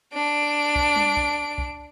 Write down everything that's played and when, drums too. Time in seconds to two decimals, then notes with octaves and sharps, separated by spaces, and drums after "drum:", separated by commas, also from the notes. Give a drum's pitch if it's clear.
0.14 D4 D7
0.75 drum: kick
0.96 drum: tom G3
1.17 drum: kick
1.58 drum: kick